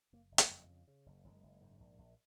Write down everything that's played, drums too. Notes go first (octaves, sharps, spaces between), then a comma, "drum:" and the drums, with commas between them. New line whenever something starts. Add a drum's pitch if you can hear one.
F#1 A#3
F#1
F3, drum: hi-hat
F2
G#3
C#3
C#3
F#1
F#1 G#3
F#1
G#2
A#1
A#1